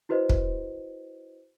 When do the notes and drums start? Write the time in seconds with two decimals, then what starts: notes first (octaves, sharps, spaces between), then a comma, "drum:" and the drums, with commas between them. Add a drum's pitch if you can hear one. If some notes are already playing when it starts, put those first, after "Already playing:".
0.09 E4 F#4 B4 C5 D#5
0.29 drum: kick